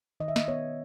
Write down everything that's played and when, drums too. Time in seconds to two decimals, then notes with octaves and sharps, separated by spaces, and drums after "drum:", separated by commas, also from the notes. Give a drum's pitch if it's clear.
0.20 D#3 D#5
0.28 E5
0.36 D#5, drum: snare
0.48 B3 C#5